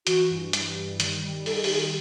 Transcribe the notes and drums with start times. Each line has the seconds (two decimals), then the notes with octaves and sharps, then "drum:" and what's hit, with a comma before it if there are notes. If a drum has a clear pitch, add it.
0.07 E3 F#4, drum: hi-hat
0.31 G2
0.53 G3, drum: hi-hat
0.77 G3
1.00 D#3, drum: hi-hat
1.23 G3
1.46 D#3 A4, drum: open hi-hat
1.56 G#4
1.64 G4, drum: open hi-hat
1.70 G3 G#4